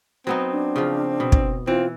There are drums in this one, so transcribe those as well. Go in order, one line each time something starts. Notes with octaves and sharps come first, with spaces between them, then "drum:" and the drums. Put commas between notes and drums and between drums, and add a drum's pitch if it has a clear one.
F#3 B3 C4 D#4
D4
C#3 F3
B2
drum: kick
E3 C4 F4